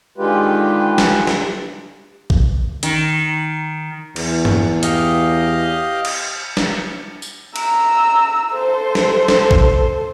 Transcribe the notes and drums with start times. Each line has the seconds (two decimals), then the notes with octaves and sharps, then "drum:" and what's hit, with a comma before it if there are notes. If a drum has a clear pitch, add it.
0.18 D3 D#3 G#3 F4 G4 B4
0.98 drum: snare
1.27 drum: snare
2.30 drum: kick A#1
2.83 D#3, drum: hi-hat
4.16 E2, drum: cymbal
4.45 drum: tom
4.83 G4 D#5 F5, drum: hi-hat
6.05 drum: cymbal
6.57 drum: snare
7.22 drum: tambourine
7.56 A#5 E6, drum: cymbal
8.52 A4 C5
8.95 drum: snare
9.28 drum: snare
9.51 drum: kick A#1